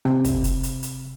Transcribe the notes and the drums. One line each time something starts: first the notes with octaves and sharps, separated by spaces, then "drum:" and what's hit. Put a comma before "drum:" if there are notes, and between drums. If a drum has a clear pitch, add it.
C3, drum: rim click
drum: kick, hi-hat
drum: hi-hat
drum: hi-hat
drum: hi-hat